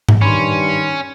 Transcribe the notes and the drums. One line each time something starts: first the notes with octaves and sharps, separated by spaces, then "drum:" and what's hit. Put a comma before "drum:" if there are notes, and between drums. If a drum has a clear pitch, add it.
drum: tom G#2
G2 D#3 C#4 B5 C6